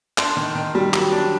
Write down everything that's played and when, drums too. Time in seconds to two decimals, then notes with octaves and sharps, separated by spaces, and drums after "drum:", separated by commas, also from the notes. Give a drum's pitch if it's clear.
0.18 D4 C6, drum: clap
0.37 D#3
0.55 D#3
0.75 G3
0.93 F#3, drum: clap
1.12 D4